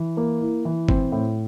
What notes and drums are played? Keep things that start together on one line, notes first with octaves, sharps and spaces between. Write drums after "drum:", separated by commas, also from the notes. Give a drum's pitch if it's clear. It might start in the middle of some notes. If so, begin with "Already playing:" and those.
Already playing: E3
A#3
E4
E3
C4, drum: kick G1
A2